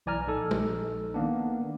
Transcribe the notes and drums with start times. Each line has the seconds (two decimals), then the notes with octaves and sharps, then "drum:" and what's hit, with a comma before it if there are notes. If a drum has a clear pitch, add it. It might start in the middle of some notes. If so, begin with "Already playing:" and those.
0.06 B1 E3 D5 G#5 A#5 F6
0.27 A#1 D#4 A4
0.51 drum: tom
1.14 D#3 A#3 B3 D4